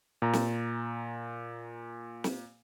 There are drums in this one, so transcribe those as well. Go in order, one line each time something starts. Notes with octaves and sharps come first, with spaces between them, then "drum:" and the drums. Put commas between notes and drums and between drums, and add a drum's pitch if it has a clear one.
A#2 A#5
drum: snare
drum: snare